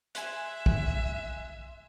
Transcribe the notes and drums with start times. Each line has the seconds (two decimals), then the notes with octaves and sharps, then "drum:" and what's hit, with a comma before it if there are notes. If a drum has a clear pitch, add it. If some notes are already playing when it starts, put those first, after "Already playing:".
0.15 E5 G#5 C6 F#6, drum: hi-hat
0.66 drum: kick A#1